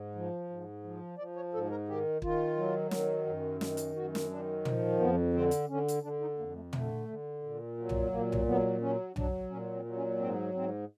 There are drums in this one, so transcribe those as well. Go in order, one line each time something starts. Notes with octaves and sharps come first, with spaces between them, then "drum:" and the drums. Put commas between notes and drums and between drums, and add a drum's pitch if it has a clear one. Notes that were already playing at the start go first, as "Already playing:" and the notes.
Already playing: G#2
F3
G#2
F3
F3 D5
C#5
G#2 A4
A#4
D#3 G4
D#3 F4, drum: kick
F#3
D#3, drum: snare
F#2
D#3, drum: snare
drum: hi-hat
F#2 F#4
drum: snare
D#3 D4
F3, drum: tom
F2 B3
D3 C4
drum: hi-hat
D3 C#4
drum: hi-hat
D3 D4
D#4
F2 A#3
A3
D3 A3, drum: tom
D3
A#2
F#3
drum: tom B1
A#2 A#3
drum: tom B1
F#3 B3
F#3 C#4
F#3 D4, drum: tom B1
A#2 C#4
C4
F#3
C#4
G#2 C4
G#2 C4